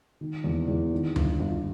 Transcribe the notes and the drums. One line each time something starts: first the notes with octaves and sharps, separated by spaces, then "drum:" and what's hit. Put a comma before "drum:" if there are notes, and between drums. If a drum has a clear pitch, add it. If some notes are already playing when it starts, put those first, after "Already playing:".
D#3
E2
E2
D#3
G1, drum: tom D2
G1